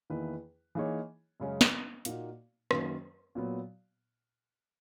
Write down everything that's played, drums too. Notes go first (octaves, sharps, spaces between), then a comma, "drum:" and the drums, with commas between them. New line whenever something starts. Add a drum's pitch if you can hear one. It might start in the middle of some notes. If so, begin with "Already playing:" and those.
E2 D#3 A#3 E4 B4
E3 A#3 D#4 G#4 C#5
F#2 C#3 G#3 C#4
drum: snare
A#2 A#3 D#4 F#4, drum: hi-hat
F#2 D#3 F#3 A#3, drum: rim click
A#2 F#3 B3